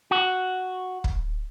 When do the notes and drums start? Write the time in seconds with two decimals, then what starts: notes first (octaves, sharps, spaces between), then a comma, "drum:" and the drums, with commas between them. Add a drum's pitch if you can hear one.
0.11 F#4
1.04 drum: kick